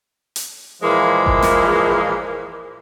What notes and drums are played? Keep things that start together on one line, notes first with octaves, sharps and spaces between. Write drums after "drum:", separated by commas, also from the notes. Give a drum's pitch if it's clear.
drum: hi-hat
A#2 E3 F3 G#3 A#3 E4
drum: kick G1
drum: snare